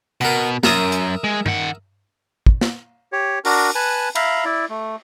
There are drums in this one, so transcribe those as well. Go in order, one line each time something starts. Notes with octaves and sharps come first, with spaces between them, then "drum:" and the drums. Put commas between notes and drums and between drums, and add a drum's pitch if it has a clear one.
B2 A#4 F#5
F#2 A#4 E5 D#6, drum: snare
drum: hi-hat
G#3
D#3 F#5, drum: tom G2
drum: kick
drum: snare
G4 C#5
D4 F#4 A#4, drum: open hi-hat
B4 G#5 A5 F#6
E5 F5 A#5 B5, drum: cymbal
E4 D5
A3